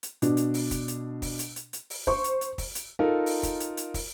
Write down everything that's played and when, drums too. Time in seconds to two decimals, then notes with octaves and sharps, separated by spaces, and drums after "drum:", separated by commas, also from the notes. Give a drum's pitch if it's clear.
0.03 drum: hi-hat
0.22 B2 D4, drum: hi-hat
0.37 drum: hi-hat
0.54 drum: open hi-hat
0.71 drum: kick, hi-hat
0.88 drum: hi-hat
1.22 drum: kick, open hi-hat
1.39 drum: hi-hat
1.56 drum: hi-hat
1.73 drum: hi-hat
1.90 drum: open hi-hat
2.07 C5 C#6, drum: kick
2.24 drum: hi-hat
2.41 drum: hi-hat
2.58 drum: kick, open hi-hat
2.75 drum: hi-hat
2.99 D#4 F4 A4 A#4
3.26 drum: open hi-hat
3.43 drum: kick, hi-hat
3.60 drum: hi-hat
3.77 drum: hi-hat
3.94 drum: kick, open hi-hat